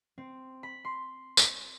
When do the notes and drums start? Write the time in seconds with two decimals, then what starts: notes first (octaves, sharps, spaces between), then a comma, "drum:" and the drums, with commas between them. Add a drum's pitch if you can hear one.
0.18 C4
0.63 B5
0.85 C6
1.37 drum: tambourine